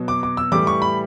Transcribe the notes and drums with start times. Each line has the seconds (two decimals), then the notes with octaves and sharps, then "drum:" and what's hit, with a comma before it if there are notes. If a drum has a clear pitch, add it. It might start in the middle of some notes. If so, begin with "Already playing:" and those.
Already playing: B2 F#3
0.08 D6
0.23 D6
0.37 E6
0.52 A2 E3 G3 D6, drum: tom E3
0.67 C#6
0.82 B5